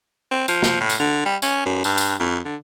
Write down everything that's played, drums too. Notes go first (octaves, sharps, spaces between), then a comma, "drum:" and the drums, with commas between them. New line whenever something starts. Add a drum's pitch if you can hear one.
C4
F3, drum: tambourine
drum: snare
A2
drum: tambourine
D3
G3
C#4, drum: tambourine
F#2
G2, drum: tambourine
drum: tambourine
F2
D3